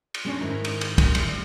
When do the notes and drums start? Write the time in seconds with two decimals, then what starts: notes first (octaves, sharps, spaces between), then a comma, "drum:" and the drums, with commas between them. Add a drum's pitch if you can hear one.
0.14 drum: cymbal
0.25 G#3 B3 C#4 D4 G#4 C#5
0.41 G#2 D#3 E4 A#4
0.64 drum: cymbal
0.81 drum: cymbal
0.98 drum: kick, cymbal
1.15 G3 G#3 E4, drum: cymbal